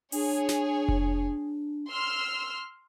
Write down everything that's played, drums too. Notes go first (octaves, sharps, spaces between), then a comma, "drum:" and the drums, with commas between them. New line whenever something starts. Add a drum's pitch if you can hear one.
D4 G#4 C#5, drum: open hi-hat
drum: snare
drum: kick F1
C6 E6 F6